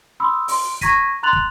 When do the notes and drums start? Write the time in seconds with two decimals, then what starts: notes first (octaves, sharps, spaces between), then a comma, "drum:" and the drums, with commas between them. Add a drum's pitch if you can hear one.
0.20 B5 C6 D#6 E6
0.48 C6, drum: open hi-hat
0.81 A#5 C#6 G#6 A#6 B6 D#7, drum: kick, hi-hat
1.23 A#5 C6 F#6 A6 F7 F#7
1.33 drum: kick